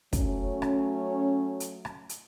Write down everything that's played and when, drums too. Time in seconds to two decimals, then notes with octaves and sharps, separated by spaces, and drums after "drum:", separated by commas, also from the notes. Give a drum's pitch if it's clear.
0.13 F#3 A3 C#4, drum: kick, hi-hat
0.62 drum: rim click
1.60 drum: hi-hat
1.85 drum: rim click
2.09 drum: hi-hat